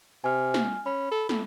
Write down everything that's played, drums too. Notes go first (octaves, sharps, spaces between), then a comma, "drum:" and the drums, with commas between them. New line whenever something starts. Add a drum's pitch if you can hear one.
C3 G#5 F6
drum: snare
C#4 B5
A4
A4, drum: snare